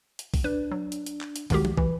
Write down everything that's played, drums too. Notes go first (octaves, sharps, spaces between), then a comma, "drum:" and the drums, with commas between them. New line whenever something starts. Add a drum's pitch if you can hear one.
drum: hi-hat
drum: kick, open hi-hat
D4 B4
F#3
drum: hi-hat
drum: hi-hat
drum: clap
drum: hi-hat
C2 D#3 G#3 F#4 G4, drum: kick, open hi-hat
drum: tom
E3 B4, drum: kick